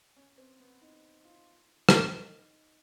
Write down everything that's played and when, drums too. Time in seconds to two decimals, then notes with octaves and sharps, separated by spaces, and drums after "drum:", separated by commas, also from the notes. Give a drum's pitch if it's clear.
0.16 C#4
0.38 C4
0.60 B3
0.82 D#4
1.25 F4
1.89 drum: rim click
2.12 D#4